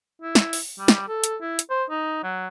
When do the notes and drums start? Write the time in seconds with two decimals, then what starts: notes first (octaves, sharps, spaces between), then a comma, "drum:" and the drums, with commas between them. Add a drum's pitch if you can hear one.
0.22 E4
0.35 drum: snare
0.53 drum: open hi-hat
0.79 G3
0.88 drum: snare
1.08 A4
1.24 drum: hi-hat
1.41 E4
1.59 drum: hi-hat
1.70 C5
1.90 D#4
2.23 F#3